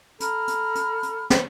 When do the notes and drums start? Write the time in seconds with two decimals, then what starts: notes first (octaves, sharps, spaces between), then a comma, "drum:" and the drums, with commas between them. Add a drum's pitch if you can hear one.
0.20 A4 A#5 B5 F6, drum: hi-hat
0.48 drum: hi-hat
0.75 drum: hi-hat
1.03 drum: hi-hat
1.30 drum: snare